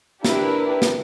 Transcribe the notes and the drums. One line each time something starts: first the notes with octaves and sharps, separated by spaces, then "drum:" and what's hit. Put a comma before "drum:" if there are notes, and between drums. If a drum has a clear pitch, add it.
D4 E4 G4 A#4 B4, drum: snare
drum: snare